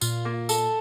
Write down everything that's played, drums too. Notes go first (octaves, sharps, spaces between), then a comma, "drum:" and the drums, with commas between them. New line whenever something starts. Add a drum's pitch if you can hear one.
A#2 F4, drum: tambourine
A#3
A4, drum: tambourine